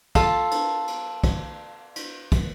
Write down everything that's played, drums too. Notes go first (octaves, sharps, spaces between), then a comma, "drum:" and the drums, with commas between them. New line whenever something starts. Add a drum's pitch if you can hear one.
F4 A4 A5, drum: kick, cymbal
drum: cymbal
drum: cymbal
drum: kick, cymbal
drum: cymbal
drum: kick, cymbal